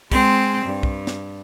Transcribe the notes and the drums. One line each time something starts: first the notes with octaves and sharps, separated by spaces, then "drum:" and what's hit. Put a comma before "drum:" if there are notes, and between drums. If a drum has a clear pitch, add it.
G#3 C4, drum: kick, open hi-hat
G2
drum: kick
drum: snare